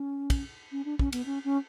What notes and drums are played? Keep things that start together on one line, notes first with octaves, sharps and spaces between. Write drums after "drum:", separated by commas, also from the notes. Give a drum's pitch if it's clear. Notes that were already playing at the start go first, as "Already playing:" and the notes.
Already playing: C#4
drum: kick, cymbal
C#4
D4
C#4, drum: kick
B3, drum: cymbal
C#4
C#4